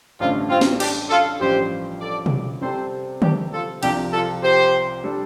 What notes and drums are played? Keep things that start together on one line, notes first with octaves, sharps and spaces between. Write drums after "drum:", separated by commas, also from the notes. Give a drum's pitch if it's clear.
A1 G2 D3 A3 C4 F4
C4 F4
drum: snare
D4 G4, drum: cymbal
F4 A4
A1 G2 F3 G4 C5
A4 D5
drum: tom B2
C3 G3 C4 G4 A4 C5
D4 G4, drum: tom D3
F4 A4
C2 C3 F3 D4 G4, drum: cymbal
F4 A4
G4 C5
G3 D4 A4